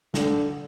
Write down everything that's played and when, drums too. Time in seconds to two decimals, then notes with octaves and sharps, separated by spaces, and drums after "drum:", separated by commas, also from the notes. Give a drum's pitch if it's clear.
0.14 D3, drum: snare